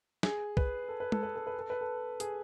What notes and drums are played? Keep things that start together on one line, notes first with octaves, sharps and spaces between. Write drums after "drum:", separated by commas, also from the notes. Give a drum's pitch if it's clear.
G#4, drum: snare
B4, drum: kick B1
A4
B4
A4, drum: tom G#3
B4
A4
B4
A4
B4
A4
G#4, drum: hi-hat